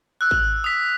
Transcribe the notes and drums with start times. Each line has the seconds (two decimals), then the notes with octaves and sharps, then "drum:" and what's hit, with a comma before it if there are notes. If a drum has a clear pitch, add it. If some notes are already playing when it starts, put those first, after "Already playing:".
0.21 E6 F#6
0.31 drum: kick G#1
0.64 D#6 B6